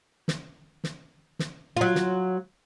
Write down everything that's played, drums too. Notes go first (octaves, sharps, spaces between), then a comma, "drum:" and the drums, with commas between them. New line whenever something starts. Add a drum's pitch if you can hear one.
drum: snare
drum: snare
drum: snare
F#3 F4
drum: snare